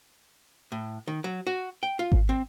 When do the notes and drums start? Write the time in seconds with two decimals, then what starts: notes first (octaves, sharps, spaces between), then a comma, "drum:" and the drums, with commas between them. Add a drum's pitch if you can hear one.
0.72 A2
1.07 D#3
1.24 F#3
1.47 F#4
1.83 G5
1.99 F4
2.12 drum: kick G#1
2.29 C4